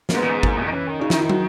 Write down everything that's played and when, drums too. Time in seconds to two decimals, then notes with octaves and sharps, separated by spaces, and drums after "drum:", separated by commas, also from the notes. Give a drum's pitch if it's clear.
0.09 A#3, drum: snare
0.14 G#2 B3
0.23 A#2
0.29 G#2
0.43 A#3, drum: kick G#1
0.64 D#3
0.72 E3 C#4
0.87 D#3
1.00 C#3 D#4
1.10 D#3 E4, drum: snare
1.20 E4
1.30 F#4, drum: tom